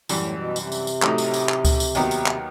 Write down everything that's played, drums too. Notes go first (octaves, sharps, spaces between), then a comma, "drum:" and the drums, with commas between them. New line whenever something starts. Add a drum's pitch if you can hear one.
F#2 A2 E3 G3, drum: tambourine
B2
C3, drum: tambourine
drum: tambourine
drum: tambourine
A1 A2 F#3 A3 D#4, drum: clap
drum: tambourine
drum: tambourine
drum: clap
drum: kick C#2, tambourine
drum: tambourine
D#2 D#3 F#3 B3, drum: tambourine
drum: tambourine
drum: clap